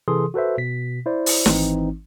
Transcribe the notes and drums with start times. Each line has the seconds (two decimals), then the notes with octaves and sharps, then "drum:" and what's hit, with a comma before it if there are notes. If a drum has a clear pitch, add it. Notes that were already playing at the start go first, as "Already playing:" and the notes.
0.08 C3 E3 G#4 A4 C6 D#6
0.34 F#4 A4 B4 C5 E5
0.58 B2 B6
1.06 E4 C5 D5
1.26 drum: open hi-hat
1.46 G#1 E3 C4 D#4, drum: snare